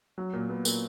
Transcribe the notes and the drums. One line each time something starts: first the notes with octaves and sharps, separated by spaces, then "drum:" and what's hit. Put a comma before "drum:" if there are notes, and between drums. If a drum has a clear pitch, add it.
F#3
A#2
B3
A#2, drum: tambourine